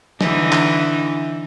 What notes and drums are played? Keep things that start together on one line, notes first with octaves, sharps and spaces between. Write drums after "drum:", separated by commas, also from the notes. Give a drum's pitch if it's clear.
D3 E3 D#4, drum: snare
drum: clap